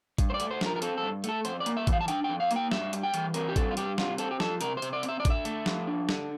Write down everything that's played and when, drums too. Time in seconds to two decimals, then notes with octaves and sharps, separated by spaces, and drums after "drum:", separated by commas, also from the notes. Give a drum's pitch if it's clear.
0.18 G2, drum: kick, hi-hat
0.30 C5
0.34 D5
0.40 A3, drum: hi-hat
0.51 C5
0.61 F3 A#4, drum: snare
0.76 A#4
0.82 C4 A4, drum: hi-hat
0.98 G2 A4
1.24 A3 A4, drum: hi-hat
1.45 F2 C5, drum: hi-hat
1.60 D5
1.66 A#3, drum: hi-hat
1.77 E5
1.87 E3, drum: kick, hi-hat
1.93 F5
2.01 A5
2.08 D4 G5, drum: hi-hat
2.24 F2 G5
2.40 F5
2.51 A#3, drum: hi-hat
2.56 G5
2.71 G2 E5, drum: snare
2.93 G3, drum: hi-hat
3.03 G5
3.14 E3, drum: hi-hat
3.34 C4 A#4, drum: hi-hat
3.49 G4
3.56 G2 A4, drum: kick, hi-hat
3.71 F4
3.77 G3 G4, drum: hi-hat
3.98 C3 F4, drum: snare
4.18 C4 A4, drum: hi-hat
4.31 G4
4.40 F3 A4, drum: snare
4.61 C3 A#4, drum: hi-hat
4.77 C5
4.82 C3, drum: hi-hat
4.93 D5
5.03 C4, drum: hi-hat
5.08 E5
5.20 D5
5.25 D3, drum: kick, hi-hat
5.30 E5
5.45 A3, drum: hi-hat
5.66 F3, drum: snare
5.87 D4
6.09 D3, drum: snare